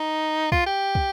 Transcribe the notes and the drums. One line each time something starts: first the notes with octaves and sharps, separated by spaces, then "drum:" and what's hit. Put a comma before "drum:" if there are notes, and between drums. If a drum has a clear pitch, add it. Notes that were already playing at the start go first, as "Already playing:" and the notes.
Already playing: D#4
F4, drum: kick
G4
drum: kick